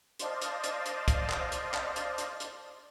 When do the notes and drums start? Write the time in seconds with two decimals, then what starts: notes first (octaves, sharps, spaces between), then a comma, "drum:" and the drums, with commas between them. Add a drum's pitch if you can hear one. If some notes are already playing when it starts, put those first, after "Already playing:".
0.19 C5 D5 D#5 F5 A5, drum: hi-hat
0.42 drum: hi-hat
0.64 drum: hi-hat
0.86 drum: hi-hat
1.08 drum: kick, hi-hat
1.30 drum: clap
1.52 drum: hi-hat
1.74 drum: clap
1.96 drum: hi-hat
2.18 drum: hi-hat
2.40 drum: hi-hat